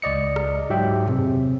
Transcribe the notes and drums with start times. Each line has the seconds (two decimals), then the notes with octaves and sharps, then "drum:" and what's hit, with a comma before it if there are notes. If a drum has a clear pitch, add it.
0.02 C#2 D5 D#5 C#7
0.36 drum: rim click
0.70 G#2 F#3 G4 E5 G5
1.08 C3 C4 G#4, drum: tom